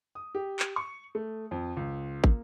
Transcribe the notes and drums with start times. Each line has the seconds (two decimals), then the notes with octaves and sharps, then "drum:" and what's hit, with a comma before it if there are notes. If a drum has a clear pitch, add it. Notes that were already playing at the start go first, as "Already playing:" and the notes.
0.15 D#6
0.35 G4
0.59 drum: clap
0.76 C#6
1.15 A3
1.51 F2
1.77 C#2
2.24 A#3, drum: kick